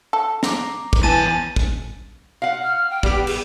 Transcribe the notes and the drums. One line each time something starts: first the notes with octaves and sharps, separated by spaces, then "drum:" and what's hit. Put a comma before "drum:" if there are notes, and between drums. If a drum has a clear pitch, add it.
A4
A#5 D6, drum: snare
drum: kick
E2 E3 G#5 A5 A6 D#7
drum: kick
F5 F#5
F6
G5
G3 B3 G4, drum: kick
G#4, drum: cymbal